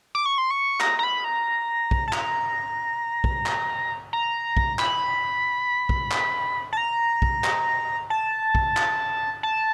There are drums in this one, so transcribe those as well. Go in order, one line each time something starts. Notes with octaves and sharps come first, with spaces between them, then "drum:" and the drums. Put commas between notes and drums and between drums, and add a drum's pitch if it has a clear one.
D6
C#6
C6
C#6
A#5, drum: clap
A#5
B5
A#5
drum: kick
A5
A#5, drum: clap
drum: kick
drum: clap
A#5
drum: kick
B5, drum: clap
drum: kick
drum: clap
A5
A#5
drum: kick
drum: clap
A5
drum: kick
drum: clap
A5